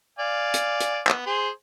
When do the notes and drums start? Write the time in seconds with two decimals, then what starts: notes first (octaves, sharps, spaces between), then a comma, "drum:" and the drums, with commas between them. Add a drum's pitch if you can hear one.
0.19 D5 F5 G#5
0.54 drum: hi-hat
0.80 drum: hi-hat
1.07 B3, drum: clap
1.26 G#4 C5 C6